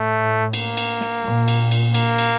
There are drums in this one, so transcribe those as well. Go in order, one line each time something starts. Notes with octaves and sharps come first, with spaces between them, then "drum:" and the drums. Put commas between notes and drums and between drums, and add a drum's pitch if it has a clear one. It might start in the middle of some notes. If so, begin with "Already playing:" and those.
Already playing: A2 A3
A#3, drum: cymbal
drum: cymbal
drum: snare
A#2
drum: cymbal
drum: cymbal
A#3, drum: cymbal
drum: cymbal